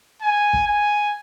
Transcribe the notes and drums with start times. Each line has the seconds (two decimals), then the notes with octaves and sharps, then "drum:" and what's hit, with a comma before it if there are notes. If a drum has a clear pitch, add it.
0.22 G#5
0.53 drum: kick
0.67 G#5